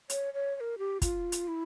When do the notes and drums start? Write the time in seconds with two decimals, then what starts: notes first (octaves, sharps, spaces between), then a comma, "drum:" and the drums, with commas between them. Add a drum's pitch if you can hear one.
0.10 C#5, drum: hi-hat
0.33 C#5
0.56 C#5
0.60 A#4
0.78 G4
1.02 F4, drum: kick, hi-hat
1.32 drum: hi-hat
1.48 E4